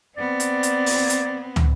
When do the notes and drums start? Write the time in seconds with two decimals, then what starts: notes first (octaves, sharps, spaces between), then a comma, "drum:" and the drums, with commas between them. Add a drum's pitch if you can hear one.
0.16 B3 C4 D5
0.40 drum: hi-hat
0.63 drum: hi-hat
0.86 drum: open hi-hat
1.10 drum: hi-hat
1.56 drum: tom